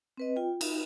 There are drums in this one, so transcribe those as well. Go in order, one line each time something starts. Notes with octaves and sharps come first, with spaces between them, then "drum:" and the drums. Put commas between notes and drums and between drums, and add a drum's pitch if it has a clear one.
C4 B4 D#5
F4 G5
D#4 F#4, drum: cymbal